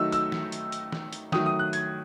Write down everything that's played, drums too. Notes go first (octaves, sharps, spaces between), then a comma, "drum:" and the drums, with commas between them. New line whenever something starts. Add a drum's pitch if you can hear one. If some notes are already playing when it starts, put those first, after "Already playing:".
Already playing: D#3 F#3 A3 D#4 E6
E6, drum: hi-hat
drum: snare
drum: hi-hat
drum: hi-hat
drum: snare
drum: hi-hat
D#3 F#3 A3 D#6, drum: snare
D#6
F#6
G#6, drum: hi-hat